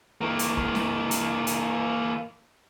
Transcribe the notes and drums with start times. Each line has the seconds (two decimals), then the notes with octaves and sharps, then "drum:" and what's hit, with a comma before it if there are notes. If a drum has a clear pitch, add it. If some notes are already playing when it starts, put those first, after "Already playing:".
0.21 E3 A#3
0.39 drum: hi-hat
0.57 drum: kick
0.75 drum: snare
1.11 drum: hi-hat
1.47 drum: hi-hat